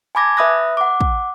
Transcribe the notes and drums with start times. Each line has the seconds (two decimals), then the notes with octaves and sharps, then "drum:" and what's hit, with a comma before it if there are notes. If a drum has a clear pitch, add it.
0.15 G#5 A5 B5 D6 G#6 A#6
0.37 B4 E5 B5 D#6 F#6 A#6
0.77 F#5 D6
1.01 drum: kick